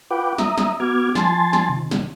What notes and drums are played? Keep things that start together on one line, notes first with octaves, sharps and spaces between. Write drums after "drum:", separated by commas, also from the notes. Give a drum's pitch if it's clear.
F4 B4 F#5 G5 D6
E5 A#5 D#6, drum: snare
drum: snare
B3 F#4 D6 F6 G#6
F3 G#5 A5 C6 A6, drum: snare
drum: snare
C3 D#3
drum: snare